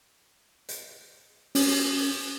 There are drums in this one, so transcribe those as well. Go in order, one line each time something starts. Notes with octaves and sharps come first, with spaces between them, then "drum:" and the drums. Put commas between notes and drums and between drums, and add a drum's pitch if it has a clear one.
drum: hi-hat
C#4, drum: open hi-hat